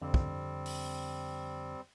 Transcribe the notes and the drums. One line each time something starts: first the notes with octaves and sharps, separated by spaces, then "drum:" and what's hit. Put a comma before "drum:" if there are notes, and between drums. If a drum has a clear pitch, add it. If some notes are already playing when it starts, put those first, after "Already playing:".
F2 D3 G3 C4
drum: kick
drum: open hi-hat